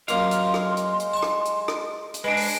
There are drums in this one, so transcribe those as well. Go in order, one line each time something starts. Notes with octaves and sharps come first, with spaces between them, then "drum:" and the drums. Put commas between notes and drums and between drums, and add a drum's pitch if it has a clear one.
F#2 G#3 A#3 F4 F5 C6, drum: hi-hat
drum: hi-hat
drum: rim click
drum: hi-hat
drum: hi-hat
A5 C#6
drum: rim click
drum: hi-hat
drum: rim click
drum: hi-hat
G#3 D4 B4 D#5
drum: open hi-hat